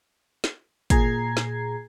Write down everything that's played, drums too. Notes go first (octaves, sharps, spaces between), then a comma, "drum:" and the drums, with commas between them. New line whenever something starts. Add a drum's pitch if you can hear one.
drum: snare
A#2 G#4 A#5 G#6 C7, drum: kick, hi-hat
drum: snare